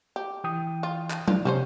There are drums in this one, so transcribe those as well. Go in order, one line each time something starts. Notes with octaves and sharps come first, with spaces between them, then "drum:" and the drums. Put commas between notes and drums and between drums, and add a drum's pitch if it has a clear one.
G4
E3 G5 D#6
F4
drum: clap
D4 F4, drum: tom F#3
C3 G3 C#4 C5